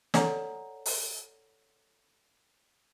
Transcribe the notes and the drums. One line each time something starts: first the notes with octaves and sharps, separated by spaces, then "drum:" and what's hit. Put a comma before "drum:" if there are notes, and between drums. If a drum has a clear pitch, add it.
A4 C#5 D5 F#5 G#5 A#5, drum: snare
drum: open hi-hat